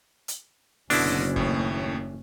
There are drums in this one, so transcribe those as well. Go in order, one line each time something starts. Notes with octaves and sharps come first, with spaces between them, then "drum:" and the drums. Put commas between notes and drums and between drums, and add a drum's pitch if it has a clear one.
drum: hi-hat
F#1 B2 D3 C#4 D4 E4, drum: open hi-hat
D#2 A2, drum: kick G1